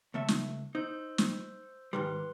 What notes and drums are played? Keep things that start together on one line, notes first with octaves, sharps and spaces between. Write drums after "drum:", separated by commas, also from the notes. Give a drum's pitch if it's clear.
C#2 A3 E5
drum: snare
D#4 C5 E6 G6
drum: snare
G#2 D#3 G3 B4 C6